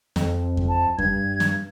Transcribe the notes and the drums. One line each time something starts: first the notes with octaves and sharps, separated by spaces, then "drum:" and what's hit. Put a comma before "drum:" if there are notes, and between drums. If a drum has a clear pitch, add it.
F2, drum: snare
drum: kick F2
A5
G2 G#6, drum: kick F2
drum: snare